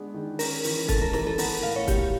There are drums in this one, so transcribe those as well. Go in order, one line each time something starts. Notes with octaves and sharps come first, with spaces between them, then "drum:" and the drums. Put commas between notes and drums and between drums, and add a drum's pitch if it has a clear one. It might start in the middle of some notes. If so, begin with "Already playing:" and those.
Already playing: G#3 B3 D4
D#3
C#4 A#4, drum: open hi-hat
E3, drum: open hi-hat
G#3 A4, drum: kick, hi-hat
A#4
E3 A#4, drum: snare
A4
B3 A#4, drum: open hi-hat
A2 F5
C#5
F#3 G4, drum: kick, hi-hat